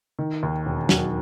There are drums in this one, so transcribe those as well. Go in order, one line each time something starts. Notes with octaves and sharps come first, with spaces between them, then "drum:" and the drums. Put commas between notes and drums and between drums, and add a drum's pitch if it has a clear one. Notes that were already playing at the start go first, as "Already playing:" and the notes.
D#3
D#2
E1
F#3, drum: snare